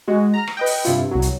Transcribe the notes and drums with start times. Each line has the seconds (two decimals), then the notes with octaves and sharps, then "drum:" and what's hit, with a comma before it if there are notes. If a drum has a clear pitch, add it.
0.08 G#3 F#4
0.34 A#5 F6
0.47 drum: rim click
0.57 B4 D#5 G5
0.66 drum: open hi-hat
0.85 G2 C3 E4 F4, drum: hi-hat
1.11 C2 F#3
1.22 drum: hi-hat